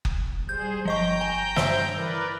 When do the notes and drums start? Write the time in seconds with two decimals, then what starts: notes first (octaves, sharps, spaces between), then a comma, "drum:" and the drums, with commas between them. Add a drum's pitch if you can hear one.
0.05 drum: kick F#1
0.19 D#1
0.49 G3 G#4 C5 G6
0.85 G1 F3 D#5 G5 A#5 C#6 G6
1.21 G#5
1.56 G2 C5 E5, drum: snare
1.96 E3 A#4 B4 D5